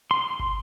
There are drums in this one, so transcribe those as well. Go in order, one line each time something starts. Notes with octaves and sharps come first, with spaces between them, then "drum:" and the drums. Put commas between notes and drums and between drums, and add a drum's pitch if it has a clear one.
C6
drum: kick